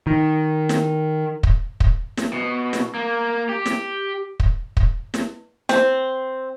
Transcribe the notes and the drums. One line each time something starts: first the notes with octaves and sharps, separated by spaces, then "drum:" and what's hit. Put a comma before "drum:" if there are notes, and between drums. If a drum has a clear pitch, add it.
D#3
drum: snare
drum: kick
drum: kick
drum: snare
B2
drum: snare
A#3
G4
drum: snare
drum: kick
drum: kick
drum: snare
C4, drum: snare